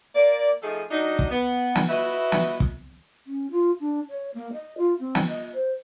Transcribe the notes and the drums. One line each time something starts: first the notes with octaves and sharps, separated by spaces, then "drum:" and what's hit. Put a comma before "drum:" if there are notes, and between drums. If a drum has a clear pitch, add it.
A#3 D5
F3 A3 D#4 G#4 A4
F#3 D4 D#4
drum: kick
B3
drum: snare
E4 F#4 B4 D#5 E5
drum: snare
drum: kick
C#4
F4
D4
C#5
A#3
D#5
F4
C4
drum: snare
D#5
C5